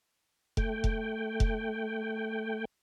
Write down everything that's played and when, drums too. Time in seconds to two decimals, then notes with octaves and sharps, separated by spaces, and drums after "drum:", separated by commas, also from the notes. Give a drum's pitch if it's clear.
0.57 A3 G5, drum: kick F1
0.84 drum: kick F1
1.40 drum: kick F1